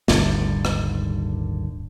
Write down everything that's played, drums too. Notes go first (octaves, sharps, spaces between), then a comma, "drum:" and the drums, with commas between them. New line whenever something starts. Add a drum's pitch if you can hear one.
D#1 G#1 D3 G3, drum: snare
drum: rim click